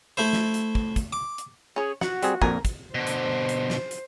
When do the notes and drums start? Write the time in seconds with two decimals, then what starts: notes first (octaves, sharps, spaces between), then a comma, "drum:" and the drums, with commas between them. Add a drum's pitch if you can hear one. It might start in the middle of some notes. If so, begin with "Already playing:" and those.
0.17 A3 E4 C5
0.33 drum: snare
0.54 drum: hi-hat
0.75 drum: kick
0.96 drum: kick, hi-hat
1.13 D6
1.38 drum: hi-hat
1.76 C#4 G#4 C#5
2.01 F#4 F#5, drum: snare
2.23 G3 C4 G#4, drum: hi-hat
2.42 A#1 F2 A#2 A#4 G#5, drum: kick
2.65 drum: kick, hi-hat
2.94 B2 D3 C5
3.07 drum: hi-hat
3.49 drum: hi-hat
3.70 drum: snare
3.91 drum: hi-hat